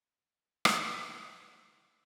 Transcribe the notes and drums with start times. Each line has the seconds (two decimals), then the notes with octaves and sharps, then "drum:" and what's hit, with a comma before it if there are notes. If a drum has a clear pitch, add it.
0.04 B1 F#4
0.65 drum: rim click